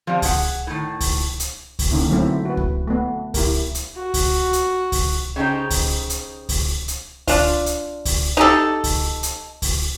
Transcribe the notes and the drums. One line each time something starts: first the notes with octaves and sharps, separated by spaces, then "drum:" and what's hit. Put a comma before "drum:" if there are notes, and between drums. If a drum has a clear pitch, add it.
F3 G3 C4
G#4 F#5, drum: kick C#2, open hi-hat
A2 D#3
drum: kick C#2, open hi-hat
drum: hi-hat
drum: kick C#2, open hi-hat
D3 D#3 A#3 C#4 D#4 E4
F#3 A3 C4 E4
F#4 B4
drum: kick C#2
A3 B3
E4 G4 A#4, drum: kick C#2, open hi-hat
drum: hi-hat
F#4
drum: kick C#2, open hi-hat
drum: hi-hat
drum: kick C#2, open hi-hat
C#3 C4 D#4 G4
drum: kick C#2, open hi-hat
drum: hi-hat
drum: kick C#2, open hi-hat
drum: hi-hat
D4 F4, drum: kick C#2, open hi-hat
drum: hi-hat
drum: kick C#2, open hi-hat
D#4 G4 A4
drum: kick C#2, open hi-hat
drum: hi-hat
drum: kick C#2, open hi-hat